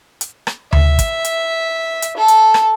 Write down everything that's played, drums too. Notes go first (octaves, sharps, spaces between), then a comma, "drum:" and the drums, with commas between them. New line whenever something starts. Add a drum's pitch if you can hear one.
drum: hi-hat
drum: rim click
E5, drum: tom D2
drum: kick, hi-hat
drum: hi-hat
drum: hi-hat
A4
drum: hi-hat
drum: rim click